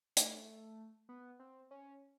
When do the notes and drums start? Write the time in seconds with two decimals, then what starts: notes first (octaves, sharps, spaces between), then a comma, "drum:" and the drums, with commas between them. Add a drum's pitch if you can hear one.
0.17 A3, drum: hi-hat
1.09 B3
1.39 C4
1.71 C#4